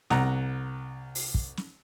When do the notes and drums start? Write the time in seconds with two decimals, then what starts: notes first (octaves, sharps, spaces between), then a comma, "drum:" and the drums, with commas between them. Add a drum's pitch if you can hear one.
0.10 C2 F#5 A#5, drum: snare
1.15 drum: open hi-hat
1.34 drum: kick
1.57 drum: snare